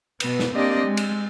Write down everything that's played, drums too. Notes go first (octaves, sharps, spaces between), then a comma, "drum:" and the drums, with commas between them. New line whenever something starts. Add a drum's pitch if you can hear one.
B2 B3, drum: cymbal
drum: snare
A#3 C4 D4 G4 D5 D#5
G#3
drum: cymbal